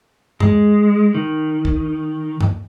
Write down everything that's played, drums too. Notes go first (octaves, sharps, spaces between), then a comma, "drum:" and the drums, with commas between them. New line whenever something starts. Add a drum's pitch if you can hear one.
G#3, drum: tom G2
D#3
drum: kick
drum: tom G2